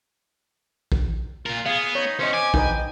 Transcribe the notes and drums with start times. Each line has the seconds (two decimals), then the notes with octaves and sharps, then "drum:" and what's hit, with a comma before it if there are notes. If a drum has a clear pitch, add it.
0.92 drum: kick
1.46 A#2 F4 A#4
1.66 B3 G#4 F5
1.95 D#4 C#5
2.19 E2 C#4 C5 D#5
2.33 G#5 D6
2.54 D#4 B4 D#5 G5, drum: kick